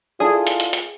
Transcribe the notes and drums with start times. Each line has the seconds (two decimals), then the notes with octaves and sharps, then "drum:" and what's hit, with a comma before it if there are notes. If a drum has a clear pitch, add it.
0.20 D4 E4 F4 G#4 A4
0.47 drum: hi-hat
0.60 drum: hi-hat
0.73 drum: hi-hat